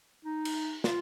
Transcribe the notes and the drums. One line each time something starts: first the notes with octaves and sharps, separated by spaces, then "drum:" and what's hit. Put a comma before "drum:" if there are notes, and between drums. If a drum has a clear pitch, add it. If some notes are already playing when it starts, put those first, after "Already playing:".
D#4
drum: cymbal
F4, drum: snare